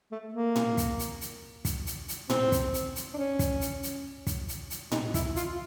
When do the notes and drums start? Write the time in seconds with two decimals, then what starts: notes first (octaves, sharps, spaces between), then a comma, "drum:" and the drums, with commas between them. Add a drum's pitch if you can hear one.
0.12 A3
0.34 A#3
0.56 drum: tom A2
0.77 drum: kick, hi-hat
0.99 drum: hi-hat
1.21 drum: hi-hat
1.65 drum: kick, hi-hat
1.86 drum: hi-hat
2.08 drum: hi-hat
2.30 C4, drum: tom A2
2.52 drum: kick, hi-hat
2.74 drum: hi-hat
2.96 drum: hi-hat
3.14 D4
3.17 C#4
3.39 drum: kick, hi-hat
3.61 drum: hi-hat
3.83 drum: hi-hat
4.27 drum: kick, hi-hat
4.48 drum: hi-hat
4.70 drum: hi-hat
4.92 D#4, drum: tom A2
5.14 E4, drum: kick, hi-hat
5.36 F4, drum: hi-hat